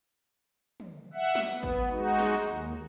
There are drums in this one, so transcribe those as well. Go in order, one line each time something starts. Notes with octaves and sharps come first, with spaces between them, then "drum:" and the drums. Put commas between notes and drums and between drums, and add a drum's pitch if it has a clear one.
drum: tom
E5 F#5
drum: snare
B3
drum: kick G#1
G#3 D#4 F#4
drum: snare
D#2